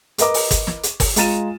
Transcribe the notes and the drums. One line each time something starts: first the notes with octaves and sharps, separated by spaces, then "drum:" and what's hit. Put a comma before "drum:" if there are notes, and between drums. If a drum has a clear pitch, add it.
A#4 B4 D#5 A#5 D6, drum: hi-hat
drum: open hi-hat
drum: kick, hi-hat
drum: snare
drum: hi-hat
drum: kick, open hi-hat
G#3 F4 A#5 A6 D#7 E7, drum: hi-hat